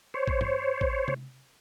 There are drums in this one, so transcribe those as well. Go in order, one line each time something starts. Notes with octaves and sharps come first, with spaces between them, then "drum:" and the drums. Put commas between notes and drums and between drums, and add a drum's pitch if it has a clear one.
C5 C#5
drum: kick
drum: tom G2
drum: kick
drum: tom C3